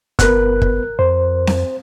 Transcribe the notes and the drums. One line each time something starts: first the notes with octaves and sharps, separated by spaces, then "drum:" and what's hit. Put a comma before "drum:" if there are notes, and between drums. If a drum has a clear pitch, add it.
G1 B3 A#4 B4 F#6, drum: kick, hi-hat
drum: kick
F2 C5
drum: snare C4